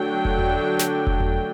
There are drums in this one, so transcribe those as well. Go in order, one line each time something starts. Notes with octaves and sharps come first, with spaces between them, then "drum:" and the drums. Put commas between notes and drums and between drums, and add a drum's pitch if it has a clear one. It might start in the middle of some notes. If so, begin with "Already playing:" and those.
Already playing: D3 F#3 A3 D4 G5
drum: kick F1
drum: tom E2
drum: snare
drum: kick F1
drum: tom E2